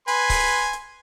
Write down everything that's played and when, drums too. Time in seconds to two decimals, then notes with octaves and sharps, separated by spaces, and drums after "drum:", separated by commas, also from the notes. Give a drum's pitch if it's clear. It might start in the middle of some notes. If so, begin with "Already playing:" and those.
0.08 B4 G#5 C6, drum: hi-hat
0.30 drum: kick C#1, open hi-hat
0.73 drum: hi-hat